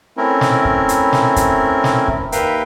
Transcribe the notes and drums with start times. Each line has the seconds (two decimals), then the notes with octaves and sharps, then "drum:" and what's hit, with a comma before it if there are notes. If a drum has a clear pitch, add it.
0.17 A3 C4 C#4 E4 A#4
0.41 drum: snare
0.65 drum: kick
0.89 drum: hi-hat
1.13 drum: snare
1.36 drum: kick, hi-hat
1.84 drum: snare
2.08 drum: kick
2.32 D#2 A#4 B4 E5 F5 G5, drum: hi-hat